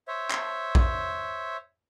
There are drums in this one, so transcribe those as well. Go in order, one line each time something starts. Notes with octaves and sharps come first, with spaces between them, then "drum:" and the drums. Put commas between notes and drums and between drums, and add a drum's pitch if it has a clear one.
C5 C#5 E5
drum: clap
drum: kick A#1